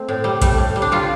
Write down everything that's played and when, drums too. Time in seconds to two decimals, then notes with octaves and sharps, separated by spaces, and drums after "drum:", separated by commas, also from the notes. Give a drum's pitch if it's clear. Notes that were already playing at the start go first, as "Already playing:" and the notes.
Already playing: A3 C4
0.09 A2
0.24 G3
0.42 G3 A3, drum: kick A#1, hi-hat
0.58 A2
0.76 G3
0.82 D4
0.92 G3 F4